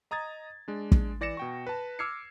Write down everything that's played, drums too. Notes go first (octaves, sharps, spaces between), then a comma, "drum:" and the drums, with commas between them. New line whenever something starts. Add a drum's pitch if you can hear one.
D#5 A#5 D#6 G#6 A6
G#3 D4
drum: kick
E3 D5 A#6 C#7 E7
B2 G5 C#6
B4 A5
D6 E6 F6 G#6 C7 C#7